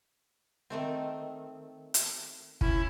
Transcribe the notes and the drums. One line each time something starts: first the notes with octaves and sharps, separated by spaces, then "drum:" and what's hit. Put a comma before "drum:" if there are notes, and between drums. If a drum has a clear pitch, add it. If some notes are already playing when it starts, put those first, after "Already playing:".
D#3 A3 C4
drum: hi-hat
C#4 E4, drum: kick